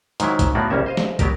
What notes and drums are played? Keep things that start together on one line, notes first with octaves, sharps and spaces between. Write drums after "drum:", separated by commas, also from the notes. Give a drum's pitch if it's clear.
G#2 D#3 F#3 E4, drum: hi-hat
drum: kick, hi-hat
A2 A#3 B3 F#4 D5
C2 G3 A#3 C#4 E5
C5 D#5 F5
drum: snare
F#3 B3 G4 A#4, drum: kick, hi-hat